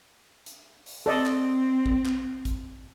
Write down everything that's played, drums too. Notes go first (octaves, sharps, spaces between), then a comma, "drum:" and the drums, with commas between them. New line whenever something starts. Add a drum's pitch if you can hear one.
drum: hi-hat
drum: open hi-hat
C4 A4 D5 D#5
drum: clap
drum: kick A1
drum: clap
drum: kick A1, hi-hat